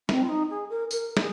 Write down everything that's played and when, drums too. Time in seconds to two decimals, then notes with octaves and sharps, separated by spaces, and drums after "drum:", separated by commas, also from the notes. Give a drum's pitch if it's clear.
0.09 C4, drum: snare
0.22 F4
0.28 D#4
0.50 G#4
0.69 A#4
0.91 A#4, drum: tambourine
1.17 G#4, drum: snare